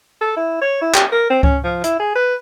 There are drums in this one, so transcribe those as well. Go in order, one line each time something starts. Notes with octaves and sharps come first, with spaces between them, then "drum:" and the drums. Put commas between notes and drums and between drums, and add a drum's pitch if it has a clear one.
A4
E4
C#5
E4
G4, drum: clap
A#4
C4
C#4, drum: kick C#2
F3
E4, drum: hi-hat
G#4
B4